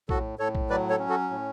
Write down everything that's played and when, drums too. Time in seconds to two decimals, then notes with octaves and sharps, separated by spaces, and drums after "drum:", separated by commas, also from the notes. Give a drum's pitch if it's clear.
0.09 A2 F#4 A4, drum: kick A#1
0.39 A2 A4 C#5
0.55 drum: kick A#1
0.70 F#3 B4 D5
0.90 A4 C#5
0.99 C#4
1.09 F#4 A4
1.30 A2